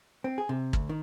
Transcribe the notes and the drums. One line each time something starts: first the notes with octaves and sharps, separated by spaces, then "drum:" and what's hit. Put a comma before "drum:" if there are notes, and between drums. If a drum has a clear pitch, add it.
C4
G#4
C3
D2, drum: kick
D#3